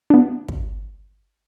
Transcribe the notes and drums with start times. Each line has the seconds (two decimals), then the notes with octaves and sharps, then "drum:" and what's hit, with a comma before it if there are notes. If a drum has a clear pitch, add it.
0.10 B3 D4
0.48 drum: kick